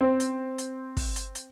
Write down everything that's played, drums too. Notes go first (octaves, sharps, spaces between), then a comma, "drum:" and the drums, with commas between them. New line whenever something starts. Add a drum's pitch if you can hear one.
C4
drum: hi-hat
drum: hi-hat
drum: kick, open hi-hat
drum: hi-hat
drum: hi-hat